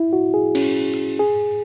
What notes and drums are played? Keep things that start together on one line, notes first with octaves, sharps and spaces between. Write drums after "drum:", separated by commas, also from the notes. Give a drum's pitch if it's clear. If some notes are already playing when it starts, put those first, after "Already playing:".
Already playing: E4
F#4
G#4
C#4, drum: cymbal
drum: hi-hat
G#4